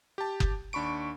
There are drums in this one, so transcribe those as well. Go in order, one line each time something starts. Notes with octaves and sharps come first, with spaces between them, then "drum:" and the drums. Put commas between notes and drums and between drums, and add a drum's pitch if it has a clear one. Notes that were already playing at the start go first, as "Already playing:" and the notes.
G4 A5
drum: kick F#1
D#2 D4 B5 C#6 D7